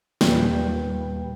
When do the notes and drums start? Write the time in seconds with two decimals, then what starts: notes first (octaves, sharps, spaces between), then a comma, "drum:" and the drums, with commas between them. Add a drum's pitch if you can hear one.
0.21 D#2 A#2 G3 B4 G5, drum: snare